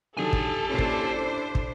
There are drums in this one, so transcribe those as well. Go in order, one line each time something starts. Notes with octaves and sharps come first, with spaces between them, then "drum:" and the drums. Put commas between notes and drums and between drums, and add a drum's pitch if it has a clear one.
D3 D#3 F#3 G4 A4 G#5
drum: kick
A#2 C#4 D4 E4 C5
drum: kick
drum: kick